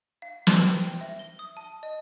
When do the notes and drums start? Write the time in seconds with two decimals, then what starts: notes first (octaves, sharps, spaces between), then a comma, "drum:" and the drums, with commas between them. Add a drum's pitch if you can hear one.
0.22 F5
0.47 C5, drum: snare
0.66 G5
1.01 E5
1.19 G7
1.39 D#6
1.57 A5
1.83 D#5